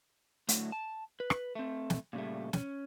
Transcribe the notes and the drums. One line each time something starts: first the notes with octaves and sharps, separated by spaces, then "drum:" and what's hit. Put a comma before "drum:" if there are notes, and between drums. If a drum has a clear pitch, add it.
A2 D3 F#3 A3, drum: hi-hat
A5
B4
drum: rim click
A3 C4
drum: snare
A#2 C#3 G3 A3
C#4, drum: snare